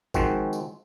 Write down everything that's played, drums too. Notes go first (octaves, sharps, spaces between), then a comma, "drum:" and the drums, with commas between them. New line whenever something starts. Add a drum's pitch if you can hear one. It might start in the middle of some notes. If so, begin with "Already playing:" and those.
D#3 F3 G#3 C4 F#4, drum: kick G#1, tambourine
drum: tambourine